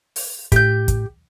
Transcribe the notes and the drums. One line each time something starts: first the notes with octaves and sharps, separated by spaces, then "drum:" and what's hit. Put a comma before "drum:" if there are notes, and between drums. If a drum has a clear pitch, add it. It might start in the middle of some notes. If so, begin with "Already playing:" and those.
drum: open hi-hat
A2 G4 G6, drum: kick, hi-hat
drum: kick, hi-hat